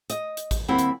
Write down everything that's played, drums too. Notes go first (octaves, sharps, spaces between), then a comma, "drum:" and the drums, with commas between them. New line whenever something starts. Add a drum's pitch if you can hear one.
D#5, drum: hi-hat
drum: hi-hat
drum: kick A1, hi-hat
D#2 G3 C4 E4 C5 F#5
drum: hi-hat